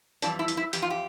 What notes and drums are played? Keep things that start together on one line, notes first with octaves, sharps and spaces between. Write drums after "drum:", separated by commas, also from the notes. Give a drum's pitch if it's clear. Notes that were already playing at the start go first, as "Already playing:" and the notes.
F2 E3 G3 D4, drum: hi-hat
E4
drum: hi-hat
E4
F2 E3 G4, drum: hi-hat
F4
G4